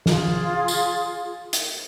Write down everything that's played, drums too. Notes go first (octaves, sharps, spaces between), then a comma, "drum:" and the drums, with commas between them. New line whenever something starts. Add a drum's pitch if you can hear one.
F4 G#4, drum: snare
drum: tambourine
drum: hi-hat